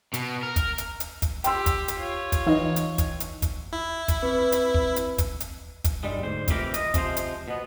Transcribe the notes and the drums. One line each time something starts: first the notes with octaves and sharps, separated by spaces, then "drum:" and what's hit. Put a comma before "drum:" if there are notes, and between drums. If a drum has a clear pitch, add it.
B2, drum: hi-hat
A#4
drum: kick, hi-hat
drum: hi-hat
drum: hi-hat
drum: kick, hi-hat
G4 G5 C6 E6, drum: hi-hat
drum: kick, hi-hat
drum: hi-hat
F4 C#5
drum: kick, hi-hat
E3 D#4 D#5
drum: hi-hat
drum: kick, hi-hat
drum: hi-hat
drum: kick, hi-hat
E4
drum: kick, hi-hat
C4 B4
drum: hi-hat
drum: kick
drum: hi-hat
drum: kick, hi-hat
drum: hi-hat
drum: kick, hi-hat
B1 G2 G3 G#3
D2 G#2 C5
F2 C3 E3 G4 A#4, drum: kick, hi-hat
D#5, drum: hi-hat
C3 F3 G#3 C5, drum: kick, hi-hat
drum: hi-hat
B2 B3